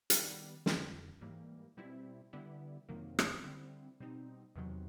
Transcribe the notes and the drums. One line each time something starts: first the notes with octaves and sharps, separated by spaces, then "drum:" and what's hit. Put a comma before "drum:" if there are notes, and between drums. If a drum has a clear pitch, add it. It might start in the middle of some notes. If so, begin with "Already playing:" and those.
D#3 G3 B3, drum: hi-hat
F2 D3 G3, drum: snare
G#2 E3 G3 A#3
B2 G3 C4 E4
D3 G3 B3 E4
F2 C3 D#3 F#3 A#3
drum: rim click
D3 G3 C4 E4
B2 G3 C4 D#4
E2 C3 D#3 F#3